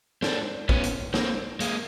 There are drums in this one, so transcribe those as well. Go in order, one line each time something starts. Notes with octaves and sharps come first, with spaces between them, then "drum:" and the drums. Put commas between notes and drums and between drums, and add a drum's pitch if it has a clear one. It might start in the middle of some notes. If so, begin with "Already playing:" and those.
C4 D4, drum: snare
B3 C#4, drum: kick
drum: hi-hat
A#3 C4, drum: snare
G#3 A#3, drum: hi-hat